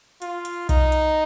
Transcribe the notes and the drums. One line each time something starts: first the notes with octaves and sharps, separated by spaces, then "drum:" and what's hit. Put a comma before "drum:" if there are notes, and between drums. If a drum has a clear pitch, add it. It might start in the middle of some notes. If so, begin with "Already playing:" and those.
F4, drum: hi-hat
drum: hi-hat
D#4, drum: kick B1, hi-hat
drum: hi-hat